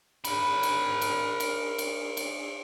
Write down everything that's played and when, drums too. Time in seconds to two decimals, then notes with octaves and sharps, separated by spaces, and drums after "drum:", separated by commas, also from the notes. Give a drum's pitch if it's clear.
0.25 A#4 B5, drum: cymbal
0.63 drum: cymbal
1.01 drum: cymbal
1.40 drum: cymbal
1.78 drum: cymbal
2.17 drum: cymbal